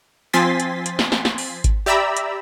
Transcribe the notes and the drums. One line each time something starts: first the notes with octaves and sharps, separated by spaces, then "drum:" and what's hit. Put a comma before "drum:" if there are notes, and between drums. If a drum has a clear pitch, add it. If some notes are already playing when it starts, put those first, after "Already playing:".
F3 C4 G#5 C6 A6 B6
drum: hi-hat
drum: hi-hat
drum: snare
drum: snare
drum: snare
drum: open hi-hat
drum: kick G#1, hi-hat
G4 D5 E5 A#5 B5 E6
drum: hi-hat